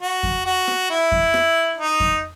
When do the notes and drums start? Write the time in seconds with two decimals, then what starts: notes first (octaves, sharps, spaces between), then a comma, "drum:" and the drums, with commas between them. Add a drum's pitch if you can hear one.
0.02 F#4
0.23 drum: kick F2
0.46 F#4
0.67 drum: rim click
0.90 E4
1.12 drum: kick F2
1.34 drum: rim click
1.77 D#4
2.00 drum: kick F2